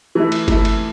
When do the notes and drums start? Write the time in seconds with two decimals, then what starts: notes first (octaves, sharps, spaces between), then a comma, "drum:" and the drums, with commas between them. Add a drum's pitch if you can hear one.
0.15 E3 A3 E4
0.32 drum: cymbal
0.48 E3 A3 E4, drum: kick G1, cymbal
0.65 drum: cymbal